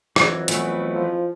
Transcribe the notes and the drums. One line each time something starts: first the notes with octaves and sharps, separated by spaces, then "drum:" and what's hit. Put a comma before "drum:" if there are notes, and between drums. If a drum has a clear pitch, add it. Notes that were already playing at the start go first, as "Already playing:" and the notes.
F2 E3 F#3, drum: rim click
E3 F#3 A3 B3, drum: hi-hat
F3